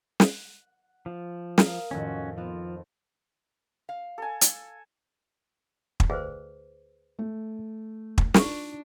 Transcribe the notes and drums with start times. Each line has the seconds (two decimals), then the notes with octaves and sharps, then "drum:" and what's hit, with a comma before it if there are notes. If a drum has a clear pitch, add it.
0.20 F#5, drum: snare
1.06 F3
1.58 A#4 F5 D#6, drum: snare
1.91 F2 A2 D#3 C#4 F#4
2.38 F3 B3 C4
3.89 F5
4.18 A4 G#5
4.41 drum: hi-hat
6.00 drum: kick
6.10 D2 G#4 B4 C5
7.19 A3
8.18 drum: kick
8.34 D4 D#4 F4 A#4 C#6, drum: snare